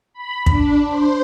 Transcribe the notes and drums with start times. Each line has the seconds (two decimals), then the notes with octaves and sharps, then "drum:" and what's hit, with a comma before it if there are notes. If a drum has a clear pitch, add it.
0.13 B5
0.46 D4, drum: kick
0.87 C5